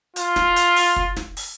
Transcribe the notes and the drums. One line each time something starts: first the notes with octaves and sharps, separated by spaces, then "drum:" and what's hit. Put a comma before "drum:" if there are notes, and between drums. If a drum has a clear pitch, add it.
F4, drum: hi-hat
drum: snare
drum: hi-hat
drum: open hi-hat
drum: kick
drum: snare
drum: open hi-hat